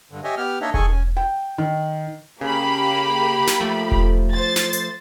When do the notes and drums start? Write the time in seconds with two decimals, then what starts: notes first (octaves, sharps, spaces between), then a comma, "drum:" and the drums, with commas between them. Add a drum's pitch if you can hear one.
0.11 G2 D3
0.24 G4 C#5 D#5 E5 G#5
0.37 B3 G4 F6
0.62 A#3 D4 D#4 C#5 D#5 E5
0.74 D#3 G#4 A4 G#5 C#6, drum: kick E1
0.91 C#4 G#5
1.17 G5
1.58 D#3
2.41 C#3 A#3 G4 B5
3.47 drum: snare
3.60 F3 A3
3.92 drum: kick E1
4.33 C5 A6
4.56 drum: snare
4.73 drum: hi-hat